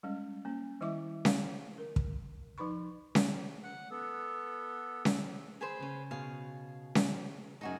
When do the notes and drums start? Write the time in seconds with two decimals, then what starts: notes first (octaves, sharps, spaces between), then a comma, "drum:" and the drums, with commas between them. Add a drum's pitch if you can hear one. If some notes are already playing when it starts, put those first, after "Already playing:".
0.03 G3 G#3 C#4
0.45 A#3 C#4
0.81 D#3 G3 E4 E5 D6
1.25 F5, drum: snare C#4
1.78 A#4
1.96 drum: kick
2.58 F3 D#4 B4 B5 C#6
3.15 drum: snare C#4
3.63 F#5
3.91 B3 A4
5.05 drum: snare C#4
5.61 G#4 B4 C5
5.80 C#3 C#4
6.11 B2 G#4 F5
6.95 drum: snare C#4
7.61 F#2 G#3 D#4 F#4 G#4